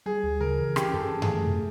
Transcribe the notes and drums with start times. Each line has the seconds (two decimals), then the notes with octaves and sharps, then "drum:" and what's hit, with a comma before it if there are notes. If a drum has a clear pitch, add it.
0.06 G3 G#4
0.23 D2
0.40 C#3 A#4
0.59 E3
0.76 C#4 G4, drum: rim click
0.93 G2 A4
0.99 G#4
1.11 E3
1.22 G#4, drum: tom F#2
1.28 A3
1.46 C3